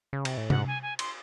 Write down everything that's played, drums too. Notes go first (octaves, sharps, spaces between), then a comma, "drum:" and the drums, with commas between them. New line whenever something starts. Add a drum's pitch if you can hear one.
C#3
C3, drum: cymbal
A2
G#2 F#5, drum: tom C3
G#5
G#5
C6, drum: cymbal